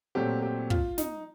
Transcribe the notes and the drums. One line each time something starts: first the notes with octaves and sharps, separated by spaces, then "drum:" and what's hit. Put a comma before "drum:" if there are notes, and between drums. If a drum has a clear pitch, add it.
A#2 F#3 A3 C4 G4
G4
F4, drum: kick
D#4, drum: snare